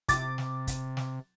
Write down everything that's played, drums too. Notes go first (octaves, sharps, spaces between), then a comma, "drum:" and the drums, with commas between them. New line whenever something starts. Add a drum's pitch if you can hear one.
C3 D6 A6, drum: kick, hi-hat
drum: snare
drum: kick, hi-hat
drum: snare